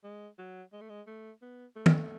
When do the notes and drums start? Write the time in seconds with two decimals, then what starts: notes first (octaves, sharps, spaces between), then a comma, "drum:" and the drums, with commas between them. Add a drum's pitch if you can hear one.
0.04 G#3
0.39 F#3
0.73 G#3
0.81 A3
0.89 G#3
1.07 A3
1.42 B3
1.76 A3
1.86 drum: tom